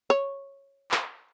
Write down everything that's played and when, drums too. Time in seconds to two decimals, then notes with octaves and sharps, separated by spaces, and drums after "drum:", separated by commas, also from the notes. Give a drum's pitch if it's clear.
0.10 C#5
0.91 drum: clap